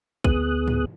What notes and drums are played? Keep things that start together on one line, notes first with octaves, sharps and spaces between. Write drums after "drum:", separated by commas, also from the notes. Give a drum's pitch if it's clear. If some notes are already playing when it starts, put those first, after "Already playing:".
D2 B3 G#4 D#6 F#6, drum: kick
drum: tom G#2